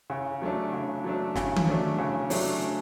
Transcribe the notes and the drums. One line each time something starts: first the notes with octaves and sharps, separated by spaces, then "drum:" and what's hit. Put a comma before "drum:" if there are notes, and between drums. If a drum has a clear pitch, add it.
C#3
F#3 A3 D4
C#3
F#3 A3 D4
C#3, drum: snare
drum: tom D#3
F#3 A3 D4
C#3
F#3 A3 D4, drum: open hi-hat